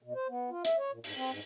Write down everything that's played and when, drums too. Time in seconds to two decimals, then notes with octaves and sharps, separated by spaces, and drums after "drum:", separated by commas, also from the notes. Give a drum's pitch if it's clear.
0.02 B2
0.15 C5
0.29 B3
0.50 F4
0.65 E5, drum: hi-hat
0.78 C#5
0.91 A#2
1.04 G#2, drum: open hi-hat
1.16 C4
1.31 G#2